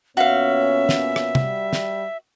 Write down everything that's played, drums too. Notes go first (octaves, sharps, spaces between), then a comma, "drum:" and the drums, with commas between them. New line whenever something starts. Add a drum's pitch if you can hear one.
A#2 B3 C#4 F#4 C#5 E5 F5
drum: snare
drum: rim click
G3, drum: tom
drum: snare